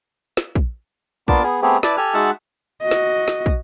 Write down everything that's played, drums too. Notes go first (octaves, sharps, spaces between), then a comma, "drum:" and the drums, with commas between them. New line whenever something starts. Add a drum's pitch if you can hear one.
drum: snare
drum: kick
A#3 B3 D4 F4 A5 D6, drum: kick
B3 G#4
A3 B3 C4 G4 G#4
E4 B4 D5 A5, drum: snare
G4 A4 G#5 F6
G#3 D#4 F#4 E5 F#5 A5
F#4 D#5
drum: snare
drum: snare
drum: kick